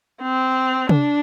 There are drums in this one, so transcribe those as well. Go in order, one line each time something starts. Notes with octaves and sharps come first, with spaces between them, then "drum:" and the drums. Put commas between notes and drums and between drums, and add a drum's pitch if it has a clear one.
C4
D4, drum: tom C3